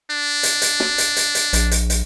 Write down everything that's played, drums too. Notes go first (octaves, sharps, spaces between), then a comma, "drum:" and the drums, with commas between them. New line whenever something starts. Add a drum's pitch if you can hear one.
D4
drum: hi-hat
drum: hi-hat
drum: snare
drum: hi-hat
drum: hi-hat
drum: hi-hat
A#1, drum: hi-hat
drum: hi-hat
drum: hi-hat